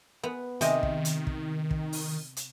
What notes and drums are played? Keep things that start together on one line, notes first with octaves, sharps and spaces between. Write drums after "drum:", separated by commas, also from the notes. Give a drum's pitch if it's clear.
B3
C3 D#3 D#5, drum: hi-hat
drum: kick
drum: hi-hat
drum: kick
drum: kick
drum: open hi-hat
drum: hi-hat